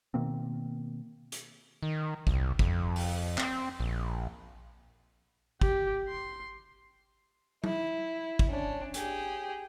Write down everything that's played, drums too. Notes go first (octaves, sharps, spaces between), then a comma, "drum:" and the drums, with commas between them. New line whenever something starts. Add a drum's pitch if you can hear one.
B2 D#3 A#3 C4
drum: hi-hat
D#3
C2, drum: kick
F2, drum: kick
drum: open hi-hat
C4, drum: clap
A#1
G4, drum: kick
C6
E4, drum: tom F#3
drum: kick
C#4 D4
G4 G#4, drum: hi-hat